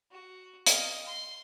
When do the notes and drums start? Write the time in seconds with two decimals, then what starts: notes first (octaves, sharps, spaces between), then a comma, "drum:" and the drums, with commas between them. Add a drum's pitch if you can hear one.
0.11 F#4
0.66 D#5 F5, drum: hi-hat
1.06 C6